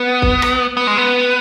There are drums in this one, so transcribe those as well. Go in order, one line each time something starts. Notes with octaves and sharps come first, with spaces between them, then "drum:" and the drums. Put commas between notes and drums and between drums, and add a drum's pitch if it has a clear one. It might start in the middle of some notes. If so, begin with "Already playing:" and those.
Already playing: B3
drum: kick
drum: rim click
B3
G#3
B3